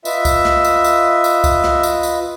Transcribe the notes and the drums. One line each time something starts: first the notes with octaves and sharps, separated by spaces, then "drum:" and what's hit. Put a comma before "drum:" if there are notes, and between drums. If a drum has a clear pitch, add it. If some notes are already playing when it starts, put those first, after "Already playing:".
F4 B4 D#5 E5, drum: tambourine
drum: kick C2, tambourine
drum: snare
drum: tambourine
drum: tambourine
drum: tambourine
drum: kick C2, tambourine
drum: snare
drum: tambourine
drum: tambourine